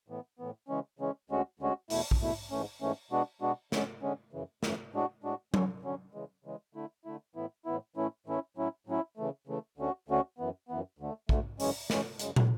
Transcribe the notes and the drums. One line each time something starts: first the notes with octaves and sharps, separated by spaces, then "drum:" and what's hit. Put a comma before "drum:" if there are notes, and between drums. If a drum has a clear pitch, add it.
A2 E3 B3
A2 E3 B3
C#3 E3 G#3 C#4
C#3 E3 G#3 C#4
D2 D3 G#3 C#4 F#4
D2 D3 G#3 C#4 F#4
E2 B2 A3 E4, drum: open hi-hat
drum: kick A#1
E2 B2 A3 E4
G#2 E3 A3 C#4
G#2 E3 A3 C#4
B2 G#3 B3 D4 F#4
B2 G#3 B3 D4 F#4
D3 G#3 C#4, drum: snare
D3 G#3 C#4
F#2 C#3 E3
F#2 C#3 E3, drum: snare
A2 G#3 D4 F#4
A2 G#3 D4 F#4
D3 F#3 C#4, drum: tom F#3
D3 F#3 C#4
C#3 E3 G#3
C#3 E3 G#3
D3 A3 E4
D3 A3 E4
A2 E3 B3 E4
A2 E3 B3 E4
A2 E3 A3 C#4 E4
A2 E3 A3 C#4 E4
A2 F#3 C#4 E4
A2 F#3 C#4 E4
C#3 E3 A3
C#3 E3 A3
D2 D3 A3 C#4 F#4
D2 D3 A3 C#4 F#4
F#2 E3 B3
F#2 E3 B3
D2 D3 A3
D2 D3 A3, drum: kick A#1
F#2 C#3 E3 G#3 C#4, drum: open hi-hat
F#2 C#3 E3 G#3 C#4, drum: snare
F#2 C#3 G#3, drum: hi-hat
drum: tom